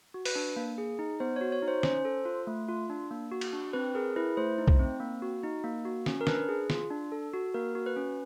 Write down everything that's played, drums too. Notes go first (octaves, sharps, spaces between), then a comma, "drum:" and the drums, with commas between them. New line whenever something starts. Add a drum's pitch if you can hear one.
F#4
B4, drum: open hi-hat
D4
A#3
G#4
D#4
B3 C5
C#5
F#4
C#5
D#4
C5
C#4 C5, drum: snare
A4
F4
A3
F4
D4
A#3
F#4
drum: cymbal
D4
C4 B4
G#4 A#4
E4 B4
A3 C5
D#4
drum: kick B1
C4
A#3
F#4
D#4
A#3
F#4
C#4, drum: snare
A#4
D4 B4, drum: snare
G#4
F4, drum: snare
D4
A4
F#4
A#3 A#4
F#4
B4
C#4